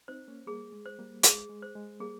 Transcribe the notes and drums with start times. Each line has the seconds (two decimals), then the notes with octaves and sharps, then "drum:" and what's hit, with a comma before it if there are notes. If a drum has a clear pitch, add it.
0.08 C4 D#4 C5
0.28 A#3 C#4
0.46 G3 A#3 G#4
0.72 G#3
0.86 C5
0.99 G3 A#3
1.23 G#3 G#4, drum: hi-hat
1.50 G#3
1.62 C5
1.76 G#3
2.00 G3 A#3 G#4